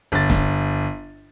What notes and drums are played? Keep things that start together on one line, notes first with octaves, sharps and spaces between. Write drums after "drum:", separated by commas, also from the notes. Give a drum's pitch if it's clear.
G1 A6
drum: snare